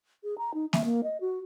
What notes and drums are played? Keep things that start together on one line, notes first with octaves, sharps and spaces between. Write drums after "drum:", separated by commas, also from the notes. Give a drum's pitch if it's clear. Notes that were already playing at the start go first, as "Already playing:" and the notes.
G#4
A#5
D#4
E5, drum: snare A#3
A#3
D#5
F#4